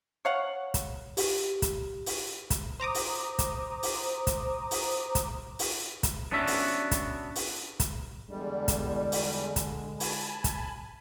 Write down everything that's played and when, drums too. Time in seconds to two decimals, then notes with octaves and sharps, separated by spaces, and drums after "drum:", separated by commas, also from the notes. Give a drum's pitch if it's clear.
0.25 C#5 F5 F#5
0.74 drum: kick, hi-hat
1.17 G4, drum: open hi-hat
1.62 drum: kick, hi-hat
2.06 drum: open hi-hat
2.50 drum: kick, hi-hat
2.80 C5 A#5 D6 D#6
2.94 drum: open hi-hat
3.39 drum: kick, hi-hat
3.83 drum: open hi-hat
4.27 drum: kick, hi-hat
4.71 drum: open hi-hat
5.15 drum: kick, hi-hat
5.59 drum: open hi-hat
6.03 drum: kick, hi-hat
6.31 B3 C#4 D4 F#4 E5
6.47 drum: open hi-hat
6.91 drum: kick, hi-hat
7.35 drum: open hi-hat
7.80 drum: kick, hi-hat
8.30 E2 D3 G3 G#3
8.68 drum: kick, hi-hat
9.12 drum: open hi-hat
9.56 drum: kick, hi-hat
10.00 G#5 A5 B5, drum: open hi-hat
10.44 drum: kick, hi-hat